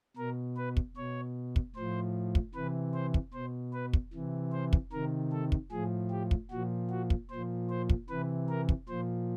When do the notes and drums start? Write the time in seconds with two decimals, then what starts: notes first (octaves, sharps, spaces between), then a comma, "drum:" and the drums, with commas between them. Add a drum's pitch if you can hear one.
0.17 B2 A#4
0.57 B4
0.77 drum: kick
0.97 B2 C#5
1.56 drum: kick
1.76 A2 F3 C5
2.35 drum: kick
2.55 C3 E3 B4
2.94 C5
3.14 drum: kick
3.34 B2 C5
3.73 B4
3.93 drum: kick
4.13 C3 E3
4.53 C5
4.73 drum: kick
4.92 C3 D#3 A#4
5.32 A4
5.52 drum: kick
5.72 A2 F3 G#4
6.11 G4
6.31 drum: kick
6.51 A#2 F3 F#4
6.90 F#4
7.10 drum: kick
7.30 A#2 F3 C5
7.70 C5
7.90 drum: kick
8.09 C3 E3 B4
8.49 A#4
8.69 drum: kick
8.89 A#2 F3 C5